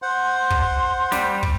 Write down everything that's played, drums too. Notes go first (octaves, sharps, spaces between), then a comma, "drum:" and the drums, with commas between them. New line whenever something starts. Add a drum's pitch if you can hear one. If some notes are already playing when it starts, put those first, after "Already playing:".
C5 F#5 C6
drum: kick
G3, drum: snare
drum: kick